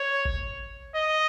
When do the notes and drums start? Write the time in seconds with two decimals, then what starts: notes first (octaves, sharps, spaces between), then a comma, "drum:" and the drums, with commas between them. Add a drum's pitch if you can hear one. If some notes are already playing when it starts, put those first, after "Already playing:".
Already playing: C#5
0.25 drum: kick G#1
0.95 D#5